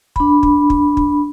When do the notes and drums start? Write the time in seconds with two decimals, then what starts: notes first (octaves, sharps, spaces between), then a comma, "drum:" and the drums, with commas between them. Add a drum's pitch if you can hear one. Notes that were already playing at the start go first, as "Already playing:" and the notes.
0.16 D4 B5, drum: kick
0.43 drum: kick
0.70 drum: kick
0.97 drum: kick